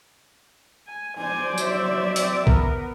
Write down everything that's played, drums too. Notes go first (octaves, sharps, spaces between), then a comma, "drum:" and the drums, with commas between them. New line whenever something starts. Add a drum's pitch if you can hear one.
G#5
C5 D5 G#5
F#3 E5, drum: tambourine
C4 D5, drum: open hi-hat
B3 A#4, drum: kick